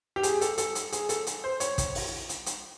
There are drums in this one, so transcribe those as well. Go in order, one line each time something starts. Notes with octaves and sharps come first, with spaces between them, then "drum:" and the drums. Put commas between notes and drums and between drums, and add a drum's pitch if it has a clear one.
G4
G#4, drum: hi-hat
A4, drum: hi-hat
A4, drum: hi-hat
drum: hi-hat
G#4, drum: hi-hat
A4, drum: hi-hat
drum: hi-hat
C5
C#5, drum: hi-hat
drum: kick, hi-hat
drum: open hi-hat
drum: hi-hat
drum: hi-hat